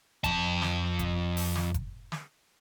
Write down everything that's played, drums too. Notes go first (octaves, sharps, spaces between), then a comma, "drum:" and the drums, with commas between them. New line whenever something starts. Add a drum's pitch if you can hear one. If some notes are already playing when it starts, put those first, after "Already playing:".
F2 A5, drum: kick F#1, hi-hat
drum: snare
drum: kick F#1, hi-hat
drum: open hi-hat
drum: snare
drum: kick F#1, hi-hat
drum: snare